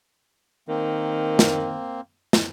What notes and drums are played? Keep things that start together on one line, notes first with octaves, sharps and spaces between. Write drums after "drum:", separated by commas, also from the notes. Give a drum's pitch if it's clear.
D#3 A#3 C4
drum: snare
drum: snare